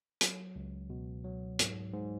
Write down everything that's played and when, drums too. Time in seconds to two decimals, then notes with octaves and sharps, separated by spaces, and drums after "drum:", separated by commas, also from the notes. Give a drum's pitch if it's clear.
0.21 F#3, drum: hi-hat
0.56 C#2
0.90 B2
1.24 F#3
1.59 G#2, drum: hi-hat
1.93 G#2